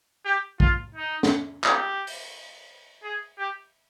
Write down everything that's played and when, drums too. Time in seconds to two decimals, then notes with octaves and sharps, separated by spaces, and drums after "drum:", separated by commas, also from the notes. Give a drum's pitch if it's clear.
0.25 G4
0.60 F4, drum: kick
0.95 D#4
1.23 drum: snare
1.64 G4, drum: clap
2.07 drum: open hi-hat
3.03 G#4
3.38 G4